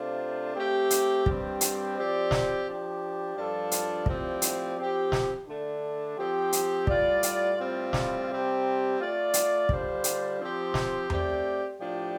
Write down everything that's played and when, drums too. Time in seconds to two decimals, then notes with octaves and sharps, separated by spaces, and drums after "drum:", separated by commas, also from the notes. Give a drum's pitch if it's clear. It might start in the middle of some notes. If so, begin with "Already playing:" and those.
Already playing: C3 A3 D4 F4 C5
0.56 A3 C4 G4
0.90 drum: hi-hat
1.26 G2 G3 C4 G4 C5, drum: kick
1.61 drum: hi-hat
1.96 F3 C4 G4 D5
2.31 drum: snare
2.66 F3 D4 G4
3.36 G2 F3 D4 F4 A4
3.72 drum: hi-hat
4.06 A2 F3 C4 G4 D5, drum: kick
4.42 drum: hi-hat
4.77 F3 C4 G4
5.12 drum: snare
5.47 D3 A3 D4
6.17 F3 C4 G4
6.53 drum: hi-hat
6.87 A2 G3 F4 D5, drum: kick
7.23 drum: hi-hat
7.58 A2 G3 C4 F4
7.93 drum: snare
8.28 C3 G3 C4 G4
8.99 A3 F4 D5
9.34 drum: hi-hat
9.69 D3 G3 D4 F4 C5, drum: kick
10.04 drum: hi-hat
10.39 F3 C4 G4 C5
10.74 drum: snare
11.10 A3 C4 G4 D5, drum: tom E2
11.80 A2 F3 D4 G4 D5